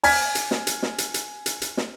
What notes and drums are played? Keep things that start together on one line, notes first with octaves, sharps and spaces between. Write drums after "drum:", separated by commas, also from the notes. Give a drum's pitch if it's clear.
G#5 F6 G#6 B6, drum: open hi-hat
drum: hi-hat
drum: snare
drum: hi-hat
drum: snare
drum: hi-hat
drum: hi-hat
drum: hi-hat
drum: hi-hat
drum: snare